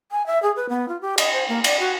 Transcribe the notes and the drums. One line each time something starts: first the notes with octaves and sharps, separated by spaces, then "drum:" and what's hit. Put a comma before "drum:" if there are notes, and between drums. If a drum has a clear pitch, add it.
G#5
E5
G#4
B4
B3
F4
G4
D#5, drum: cymbal
C5
A#3
D5, drum: cymbal
F#4